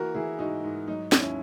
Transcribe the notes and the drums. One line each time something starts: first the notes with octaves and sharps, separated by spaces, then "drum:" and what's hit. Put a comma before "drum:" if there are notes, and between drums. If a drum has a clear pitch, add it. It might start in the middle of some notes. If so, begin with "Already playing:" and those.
Already playing: E3 A#3 F#4 A#4
E3 E4 G#4
G#2 D#4 F#4
G#2
F#3 D#4
D#2, drum: snare
C#4 E4